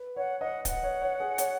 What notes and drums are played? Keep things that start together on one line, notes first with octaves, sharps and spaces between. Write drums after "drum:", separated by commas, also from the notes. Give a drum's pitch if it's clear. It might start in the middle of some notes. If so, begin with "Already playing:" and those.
Already playing: B4
C#5 F#5
D#5 F#5
D#5 F#5, drum: kick C#1, hi-hat
C#5
C#5
G#4
C#5, drum: hi-hat